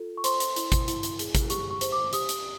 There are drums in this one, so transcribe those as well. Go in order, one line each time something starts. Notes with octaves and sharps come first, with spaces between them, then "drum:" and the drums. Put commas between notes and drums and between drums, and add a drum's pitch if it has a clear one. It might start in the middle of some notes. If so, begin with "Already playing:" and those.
Already playing: F4 A4
C#6
C5 C6, drum: hi-hat
drum: hi-hat
E4, drum: hi-hat
drum: kick, hi-hat
E4, drum: hi-hat
drum: hi-hat
G#4, drum: hi-hat
drum: kick, hi-hat
G4 C#6, drum: hi-hat
C#6
C5, drum: hi-hat
D6
G4 D#6, drum: hi-hat
drum: hi-hat